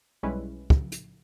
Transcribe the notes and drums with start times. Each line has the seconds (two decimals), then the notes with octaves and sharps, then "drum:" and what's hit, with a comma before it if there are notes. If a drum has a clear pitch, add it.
0.23 B1 G3 G#3 C#4 E4 B4
0.70 drum: kick
0.92 drum: hi-hat